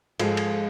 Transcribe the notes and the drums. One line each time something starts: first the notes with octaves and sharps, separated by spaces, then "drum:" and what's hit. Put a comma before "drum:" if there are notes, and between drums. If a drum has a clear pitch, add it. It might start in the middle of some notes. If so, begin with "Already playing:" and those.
G#2 F3 G#3 F4 A4, drum: cymbal
drum: cymbal